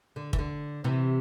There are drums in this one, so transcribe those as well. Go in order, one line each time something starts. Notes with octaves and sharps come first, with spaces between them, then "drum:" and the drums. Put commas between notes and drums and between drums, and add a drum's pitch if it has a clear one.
D3
E3, drum: kick
D3
C3 E3